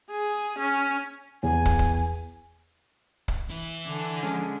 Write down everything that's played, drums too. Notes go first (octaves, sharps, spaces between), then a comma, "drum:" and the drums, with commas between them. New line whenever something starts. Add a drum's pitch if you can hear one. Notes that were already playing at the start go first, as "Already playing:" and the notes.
G#4
C#4
E2 G#5
drum: kick
drum: kick
drum: kick
E3 E4
D3 G#5 D6
G#3 C#4